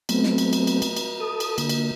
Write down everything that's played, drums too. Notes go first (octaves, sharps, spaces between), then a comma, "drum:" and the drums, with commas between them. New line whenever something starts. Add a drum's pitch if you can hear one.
F#3 A3 B3 C4, drum: cymbal
drum: snare
drum: cymbal
drum: cymbal
drum: cymbal
drum: cymbal
drum: cymbal
A4 D#6
drum: cymbal
D3 A#3, drum: cymbal
drum: cymbal